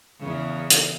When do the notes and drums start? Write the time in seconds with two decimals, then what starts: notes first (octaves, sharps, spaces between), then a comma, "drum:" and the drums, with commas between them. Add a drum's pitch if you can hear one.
0.20 E2 C#3
0.70 drum: hi-hat